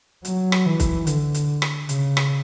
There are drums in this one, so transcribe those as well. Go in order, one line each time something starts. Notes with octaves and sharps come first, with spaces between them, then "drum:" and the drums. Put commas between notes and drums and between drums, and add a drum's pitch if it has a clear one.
F#3, drum: hi-hat
drum: rim click
E3
drum: kick, hi-hat
D3, drum: hi-hat
drum: hi-hat
drum: rim click
C#3, drum: hi-hat
drum: rim click